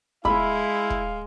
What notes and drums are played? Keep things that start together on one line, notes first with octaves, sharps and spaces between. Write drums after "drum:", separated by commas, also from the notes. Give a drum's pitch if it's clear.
G#3 E4 F5 B5, drum: kick
drum: kick